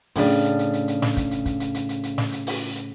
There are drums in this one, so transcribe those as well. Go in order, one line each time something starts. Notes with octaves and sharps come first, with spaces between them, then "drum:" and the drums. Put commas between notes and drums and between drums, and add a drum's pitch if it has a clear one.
A2 C#3 D4, drum: open hi-hat
drum: hi-hat
drum: hi-hat
drum: hi-hat
drum: hi-hat
drum: hi-hat
drum: snare
drum: kick, hi-hat
drum: hi-hat
drum: kick, hi-hat
drum: hi-hat
drum: hi-hat
drum: hi-hat
drum: hi-hat
drum: snare
drum: hi-hat
drum: open hi-hat
drum: hi-hat